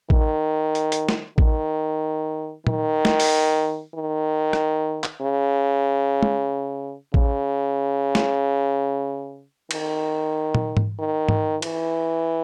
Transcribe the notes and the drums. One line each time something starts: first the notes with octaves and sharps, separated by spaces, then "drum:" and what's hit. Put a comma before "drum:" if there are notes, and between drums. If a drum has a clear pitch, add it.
D#3, drum: kick A1
drum: hi-hat
drum: hi-hat
drum: snare
D#3, drum: kick A1
D#3, drum: tom
drum: snare
drum: open hi-hat
D#3
drum: rim click
drum: clap
C#3
drum: tom
C#3, drum: kick A1
drum: snare
D#3, drum: cymbal
drum: tom
drum: tom G#2
D#3
drum: tom G#2
E3, drum: cymbal